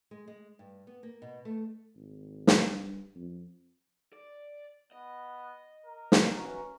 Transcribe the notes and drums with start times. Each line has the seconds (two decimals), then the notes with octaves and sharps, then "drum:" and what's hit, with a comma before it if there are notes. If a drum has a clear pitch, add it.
0.11 G#3
0.28 G#3
0.59 G2
0.87 B3
1.03 A#3
1.22 B2
1.45 A3
1.96 G#1
2.47 drum: snare
2.62 G2
3.16 F2
4.13 D5
4.92 B3 D#5
5.86 A#4
6.12 drum: snare
6.35 E3 C#4 F#4